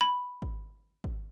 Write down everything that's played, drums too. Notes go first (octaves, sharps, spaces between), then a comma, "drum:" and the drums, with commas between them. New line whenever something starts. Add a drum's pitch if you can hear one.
B5
drum: kick
drum: kick